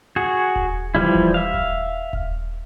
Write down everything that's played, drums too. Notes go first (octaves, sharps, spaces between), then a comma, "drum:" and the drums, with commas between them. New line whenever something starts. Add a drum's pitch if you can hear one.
F#4 G#4
drum: kick D#1
E3 F3 G3 E4
drum: kick D#1
E5 F5
drum: kick D#1
drum: kick D#1